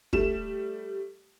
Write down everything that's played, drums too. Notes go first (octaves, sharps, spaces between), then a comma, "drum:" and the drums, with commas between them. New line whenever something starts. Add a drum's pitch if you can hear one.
G3 A3 E7, drum: kick